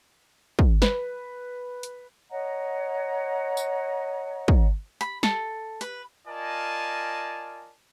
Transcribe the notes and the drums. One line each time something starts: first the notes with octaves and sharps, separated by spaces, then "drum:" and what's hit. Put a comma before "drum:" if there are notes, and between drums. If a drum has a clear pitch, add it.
drum: kick
B4, drum: snare
drum: hi-hat
C#5 D#5 F#5 A#5
drum: tambourine
drum: kick
B5, drum: hi-hat
A4, drum: snare
B4, drum: hi-hat
F4 A#4 D5 D#5 G#5 A5